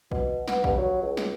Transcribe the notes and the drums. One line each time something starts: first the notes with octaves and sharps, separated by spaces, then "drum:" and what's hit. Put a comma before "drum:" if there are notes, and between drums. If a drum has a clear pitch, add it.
B2, drum: kick
B3, drum: snare
G2, drum: kick
F#3
C#2
drum: snare